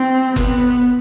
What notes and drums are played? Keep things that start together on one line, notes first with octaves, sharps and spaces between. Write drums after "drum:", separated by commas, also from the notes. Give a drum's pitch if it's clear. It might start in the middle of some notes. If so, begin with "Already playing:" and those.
Already playing: C4
B3, drum: kick F#1, hi-hat